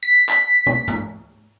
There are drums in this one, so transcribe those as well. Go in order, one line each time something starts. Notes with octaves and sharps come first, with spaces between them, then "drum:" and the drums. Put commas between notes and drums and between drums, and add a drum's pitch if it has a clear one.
B6
drum: clap
drum: tom
drum: tom G#2